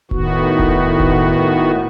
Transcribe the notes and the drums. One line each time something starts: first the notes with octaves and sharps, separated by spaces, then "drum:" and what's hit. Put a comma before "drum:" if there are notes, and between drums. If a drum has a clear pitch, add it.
A2 D#3 B3 F#4, drum: kick E1
drum: kick E1
drum: kick E1